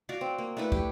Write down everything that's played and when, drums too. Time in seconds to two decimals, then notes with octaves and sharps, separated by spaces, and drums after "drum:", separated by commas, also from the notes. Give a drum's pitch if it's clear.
0.09 F#4 D5 F5
0.21 C4
0.38 A#3
0.57 A3 D4 E4 B4
0.72 G4, drum: kick